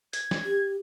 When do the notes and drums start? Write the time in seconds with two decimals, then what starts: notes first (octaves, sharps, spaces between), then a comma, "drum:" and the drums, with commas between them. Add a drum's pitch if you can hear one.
0.13 G#6, drum: hi-hat
0.31 drum: snare
0.45 G4